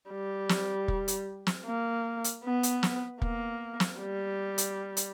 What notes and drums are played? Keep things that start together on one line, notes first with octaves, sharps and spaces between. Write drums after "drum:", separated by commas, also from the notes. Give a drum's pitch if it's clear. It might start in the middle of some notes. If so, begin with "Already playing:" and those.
G3
drum: snare
drum: kick
drum: hi-hat
drum: snare
A#3
drum: hi-hat
B3
drum: hi-hat
drum: snare
A#3, drum: kick
drum: snare
G3
drum: hi-hat
drum: hi-hat